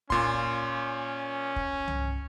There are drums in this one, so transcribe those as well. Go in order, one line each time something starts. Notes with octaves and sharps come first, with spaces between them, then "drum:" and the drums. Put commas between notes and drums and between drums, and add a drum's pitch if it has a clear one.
A#2 C#4 C6, drum: kick
drum: kick
drum: tom C2